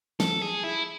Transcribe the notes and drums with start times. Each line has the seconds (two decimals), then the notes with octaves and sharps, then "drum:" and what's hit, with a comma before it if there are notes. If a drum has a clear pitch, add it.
0.20 A4, drum: snare
0.42 G#4
0.63 E4